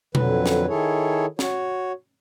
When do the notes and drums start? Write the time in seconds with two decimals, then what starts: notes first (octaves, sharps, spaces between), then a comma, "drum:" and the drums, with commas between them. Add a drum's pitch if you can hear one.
0.15 F2 D3 F#3 B4, drum: tom B2
0.46 drum: snare
0.68 D#3 E4 G#4 A4 C#5
1.39 F#4 C#5, drum: snare